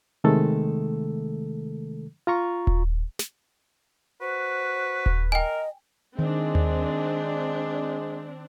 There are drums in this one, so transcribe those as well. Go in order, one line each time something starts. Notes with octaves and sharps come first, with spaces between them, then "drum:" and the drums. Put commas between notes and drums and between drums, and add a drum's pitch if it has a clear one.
C3 D#3 G#3 A3 A4
F4 A#5 C#6
drum: kick D#1
drum: snare
F#4 B4 C5
drum: kick D#1
A#4 D#5 G5 G#5
D#3 G#3 C4 D4
drum: tom D#2